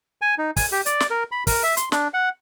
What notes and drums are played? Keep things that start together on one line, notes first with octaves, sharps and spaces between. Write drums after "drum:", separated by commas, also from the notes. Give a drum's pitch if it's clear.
G#5
D#4
G#5, drum: kick, open hi-hat
G4
D5, drum: hi-hat
drum: snare
A#4
B5
A#4, drum: kick, open hi-hat
E5
C6, drum: hi-hat
D4, drum: snare
F#5